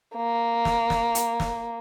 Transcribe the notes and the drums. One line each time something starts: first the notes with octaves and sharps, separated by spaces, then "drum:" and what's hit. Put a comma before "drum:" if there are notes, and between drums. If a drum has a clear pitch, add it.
A#3
drum: snare
drum: snare
drum: hi-hat
drum: snare